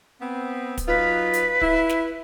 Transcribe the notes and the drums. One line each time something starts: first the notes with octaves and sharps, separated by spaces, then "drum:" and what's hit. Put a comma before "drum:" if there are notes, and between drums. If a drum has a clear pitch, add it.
B3 C4
drum: kick, hi-hat
F#3 D#4 F4 B4
drum: hi-hat
E4, drum: kick
drum: snare